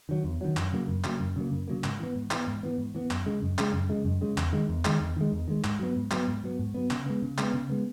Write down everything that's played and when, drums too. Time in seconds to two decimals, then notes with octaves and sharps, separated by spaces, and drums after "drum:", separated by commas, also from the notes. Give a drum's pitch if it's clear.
0.09 D#3 F#3
0.25 E2
0.41 D#3 F#3
0.57 F#2, drum: clap
0.72 C#3 F#3 A#3
0.88 F#2
1.04 C#3 F#3 A#3, drum: clap
1.20 F#2
1.36 C#3 F#3 A#3
1.52 F#2
1.68 C#3 F#3 A#3
1.84 G#2, drum: clap
1.99 E3 B3
2.15 G#2
2.31 E3 B3, drum: clap
2.47 G#2
2.63 E3 B3
2.78 G#2
2.95 E3 B3
3.11 F#2, drum: clap
3.26 C#3 G#3
3.42 F#2
3.58 C#3 G#3, drum: clap
3.74 F#2
3.89 C#3 G#3
4.05 F#2
4.21 C#3 G#3
4.38 E2, drum: clap
4.52 D#3 G#3
4.69 E2
4.85 D#3 G#3, drum: clap
5.01 E2
5.16 D#3 G#3
5.32 E2
5.48 D#3 G#3
5.64 G#2, drum: clap
5.79 F#3 B3
5.96 G#2
6.11 F#3 B3, drum: clap
6.27 G#2
6.44 F#3 B3
6.59 G#2
6.74 F#3 B3
6.91 C#3, drum: clap
7.06 G#3 B3
7.22 C#3
7.38 G#3 B3, drum: clap
7.54 C#3
7.70 G#3 B3